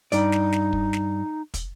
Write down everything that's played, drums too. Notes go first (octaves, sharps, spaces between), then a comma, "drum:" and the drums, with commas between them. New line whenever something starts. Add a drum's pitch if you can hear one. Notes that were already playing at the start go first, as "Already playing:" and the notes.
G2 D#4 D5, drum: hi-hat
drum: snare
drum: snare
drum: kick
drum: snare
drum: kick, hi-hat